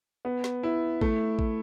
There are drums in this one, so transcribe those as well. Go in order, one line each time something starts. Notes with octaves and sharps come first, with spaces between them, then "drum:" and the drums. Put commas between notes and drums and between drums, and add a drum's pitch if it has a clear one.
B3
drum: snare
E4
A3, drum: kick A1
drum: kick A1